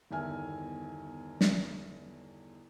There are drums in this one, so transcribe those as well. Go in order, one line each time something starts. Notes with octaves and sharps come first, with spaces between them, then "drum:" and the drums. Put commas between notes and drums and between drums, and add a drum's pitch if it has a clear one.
G1 E2 D#3 E5 G#5 F6
drum: snare